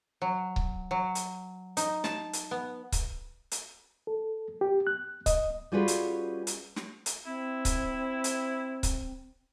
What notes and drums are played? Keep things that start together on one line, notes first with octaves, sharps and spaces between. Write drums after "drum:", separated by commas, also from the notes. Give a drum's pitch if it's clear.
F#3
drum: kick C#1
F#3
drum: hi-hat
D#4, drum: hi-hat
A5, drum: snare
drum: hi-hat
B3
drum: kick C#1, hi-hat
drum: hi-hat
A4
G4
F#6
D#5, drum: kick C#1, hi-hat
G3 C#4 F4 F#4 G#4 B4
drum: hi-hat
drum: hi-hat
drum: snare
drum: hi-hat
C4 E4
drum: kick C#1, hi-hat
drum: hi-hat
drum: kick C#1, hi-hat